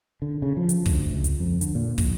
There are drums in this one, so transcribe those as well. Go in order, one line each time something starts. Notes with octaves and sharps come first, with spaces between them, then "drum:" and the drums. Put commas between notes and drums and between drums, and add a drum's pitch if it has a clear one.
D3
C#3
F3
drum: hi-hat
D2, drum: kick, open hi-hat
C#2
drum: hi-hat
F2
D3, drum: hi-hat
A#2
A#1, drum: kick, open hi-hat